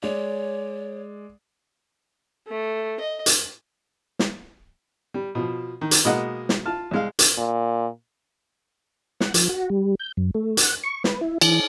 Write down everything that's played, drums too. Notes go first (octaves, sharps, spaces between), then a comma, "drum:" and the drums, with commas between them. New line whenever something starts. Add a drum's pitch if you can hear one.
G#3 C#5 D5
A3
D#5
drum: hi-hat
drum: snare
G3
B2 F3
D#3
drum: hi-hat
B2 G#3 A#3 D#5 F#5 D#6
drum: snare
F4 A5 F6
C2 G#3 F5
drum: hi-hat
A#2
F#5, drum: snare
F3, drum: hi-hat
F#4
G3
G6
F#2
A3
F#5, drum: hi-hat
C#6
B4, drum: snare
E4
E3, drum: cymbal